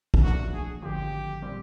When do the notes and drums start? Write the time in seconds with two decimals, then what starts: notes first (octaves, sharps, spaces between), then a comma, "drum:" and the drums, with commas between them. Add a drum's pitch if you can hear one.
0.14 drum: kick
0.24 A#2 F3 A3 D4 F#4
0.54 G#4
0.82 G#1 F#2 D3 F3 G4
1.42 A#2 G3 C4